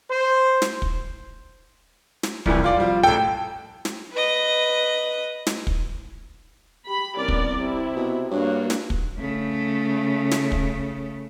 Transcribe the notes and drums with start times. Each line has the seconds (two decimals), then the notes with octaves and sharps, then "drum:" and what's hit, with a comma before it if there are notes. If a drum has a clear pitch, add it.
0.11 C5
0.62 drum: snare
0.82 drum: kick
2.23 drum: snare
2.46 C2 F2 E3, drum: kick
2.64 F4 D5
2.77 F3 G3
3.03 A1 A4 G5
3.85 drum: snare
4.12 B4 D#5
5.47 drum: snare
5.67 drum: kick
6.87 G4 B5
7.17 C2 B3 C#4 A#4 D5
7.28 drum: kick
7.59 C3 E4
7.96 B2
8.31 G2 A#3 D4 F#4 C#5
8.70 drum: snare
8.90 drum: kick
9.18 C#3 A3
10.31 drum: snare
10.52 drum: kick